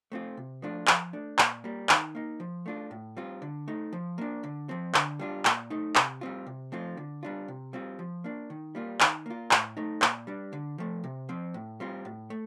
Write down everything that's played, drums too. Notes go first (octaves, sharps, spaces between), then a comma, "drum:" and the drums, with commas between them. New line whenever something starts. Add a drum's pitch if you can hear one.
A3 C4 F4
C3
F3 A3 D4 F4
F3, drum: clap
A3 D4
A#2, drum: clap
G3 A#3
D#3, drum: clap
A#3 D#4
F3
A3 D4 F4
A2
G3 C4 F4
D3
A3 D#4
F3
A#3 D4
D3
F3 C4
D3, drum: clap
G3 D4 F4
A#2, drum: clap
A3 D#4
C3, drum: clap
G3 C4 F4
C3
F3 A3 C4 F4
D3
G3 D4 F4
C3
G3 C4 F4
F3
A#3 D4
D#3
G3 A#3 F4
D#3, drum: clap
A#3 F4
A2, drum: clap
A3 D#4
A#2, drum: clap
G3 D4
D3
F3 A3
C3
F3 C4
A2
G3 C4 F4
A2
A3